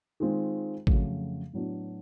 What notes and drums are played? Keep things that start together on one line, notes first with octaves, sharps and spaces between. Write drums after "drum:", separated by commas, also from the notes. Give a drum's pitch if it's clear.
D#3 G#3 C4 F4
F2 C#3 F#3 A3, drum: kick G#1
A2 F#3 B3 D4